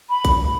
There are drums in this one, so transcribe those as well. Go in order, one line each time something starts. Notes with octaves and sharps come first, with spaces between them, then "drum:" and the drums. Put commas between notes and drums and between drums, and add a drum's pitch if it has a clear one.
B5
drum: kick A#1, hi-hat